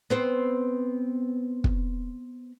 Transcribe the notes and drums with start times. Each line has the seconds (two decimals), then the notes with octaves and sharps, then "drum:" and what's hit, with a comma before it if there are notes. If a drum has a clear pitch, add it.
0.10 B3 C4 C5
1.64 drum: kick